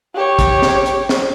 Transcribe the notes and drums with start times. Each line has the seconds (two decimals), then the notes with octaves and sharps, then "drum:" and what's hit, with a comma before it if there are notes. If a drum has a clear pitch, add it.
0.15 G4 C#5
0.39 drum: kick, hi-hat
0.62 drum: snare
0.86 drum: hi-hat
1.09 drum: snare